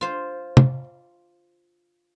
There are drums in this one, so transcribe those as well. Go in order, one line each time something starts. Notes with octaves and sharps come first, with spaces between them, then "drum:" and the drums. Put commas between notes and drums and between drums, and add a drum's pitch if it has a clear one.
F4 C5
drum: tom